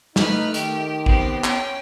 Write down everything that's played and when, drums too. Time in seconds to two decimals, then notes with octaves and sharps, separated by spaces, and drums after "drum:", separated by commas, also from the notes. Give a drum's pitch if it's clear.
0.16 A3 D#4 B4 F6, drum: snare
0.54 D#3 G4, drum: hi-hat
1.06 B3 C4 G4, drum: kick A1
1.44 C#4 G5, drum: clap